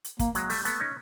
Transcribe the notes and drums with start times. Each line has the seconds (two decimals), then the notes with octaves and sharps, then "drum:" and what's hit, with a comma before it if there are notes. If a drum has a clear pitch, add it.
0.04 drum: hi-hat
0.19 A#3, drum: kick, hi-hat
0.35 F#3 G#3, drum: hi-hat
0.50 G3 A3, drum: open hi-hat
0.65 A3 B3, drum: hi-hat
0.80 C#4 D#4